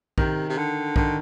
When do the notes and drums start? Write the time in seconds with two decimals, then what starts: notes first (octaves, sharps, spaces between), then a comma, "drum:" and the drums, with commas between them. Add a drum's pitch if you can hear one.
0.18 C3 D#3, drum: kick B1
0.50 C3
0.58 D3
0.96 D3 D#3, drum: kick B1